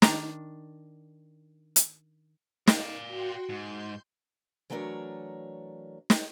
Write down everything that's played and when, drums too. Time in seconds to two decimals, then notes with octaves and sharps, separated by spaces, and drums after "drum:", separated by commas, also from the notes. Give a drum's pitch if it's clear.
0.02 D#3 D4 A#5, drum: snare
1.76 drum: hi-hat
2.67 D5 F5, drum: snare
3.08 F#4 G5 C6
3.49 G#2 C6 G6
4.70 E3 F#3 A3 D4 A#4 C#5
6.10 drum: snare